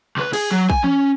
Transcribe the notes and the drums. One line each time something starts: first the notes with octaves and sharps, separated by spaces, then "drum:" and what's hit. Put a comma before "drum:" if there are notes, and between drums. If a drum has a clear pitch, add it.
C#2 B4
G#4, drum: cymbal
F#3
G#5, drum: kick A#1
C#4, drum: tom E3